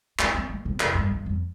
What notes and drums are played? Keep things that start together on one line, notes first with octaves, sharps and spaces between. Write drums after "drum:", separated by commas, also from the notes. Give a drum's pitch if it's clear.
A#3, drum: clap
C4
A#3
C3
F2, drum: clap
G2
G2
F2